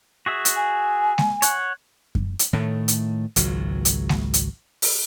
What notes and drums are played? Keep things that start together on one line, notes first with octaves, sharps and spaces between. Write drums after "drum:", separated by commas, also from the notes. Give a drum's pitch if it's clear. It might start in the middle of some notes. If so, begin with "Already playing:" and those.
F#4 G#4 E5
drum: hi-hat
G#5
drum: snare G#3
C#5 F#5, drum: hi-hat
drum: kick F#2
drum: hi-hat
A2 D#3 A3
drum: hi-hat
G#1 C#2 F#3, drum: hi-hat
drum: hi-hat
drum: snare G#3
drum: hi-hat
drum: open hi-hat